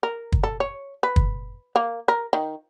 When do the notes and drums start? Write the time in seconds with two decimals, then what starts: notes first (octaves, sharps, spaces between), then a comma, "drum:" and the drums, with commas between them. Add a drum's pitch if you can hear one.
0.03 A#4
0.32 drum: kick
0.43 A4
0.60 C#5
1.03 B4
1.16 drum: kick
1.76 A#3
2.08 A#4
2.33 D#3